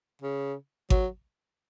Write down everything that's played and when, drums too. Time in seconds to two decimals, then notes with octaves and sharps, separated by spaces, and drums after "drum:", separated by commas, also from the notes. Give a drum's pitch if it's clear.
0.22 C#3
0.90 F#3, drum: kick G#1